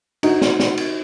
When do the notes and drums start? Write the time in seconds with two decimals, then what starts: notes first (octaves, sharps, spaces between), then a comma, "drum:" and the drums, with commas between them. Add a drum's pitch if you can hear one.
0.23 D#4 F#4, drum: cymbal
0.41 drum: snare
0.59 drum: snare
0.77 drum: cymbal